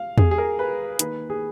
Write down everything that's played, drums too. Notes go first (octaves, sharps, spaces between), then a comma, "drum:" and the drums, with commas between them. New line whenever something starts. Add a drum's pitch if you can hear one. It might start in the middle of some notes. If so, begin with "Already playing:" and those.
Already playing: F5
G#4, drum: tom E2
G#4
A#4
B4
D#3 A#3 B4, drum: hi-hat
G#4